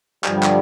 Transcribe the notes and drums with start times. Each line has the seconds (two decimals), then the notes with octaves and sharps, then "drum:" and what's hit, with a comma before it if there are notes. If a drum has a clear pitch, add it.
0.24 G2 D3 F3 G3, drum: clap
0.43 drum: clap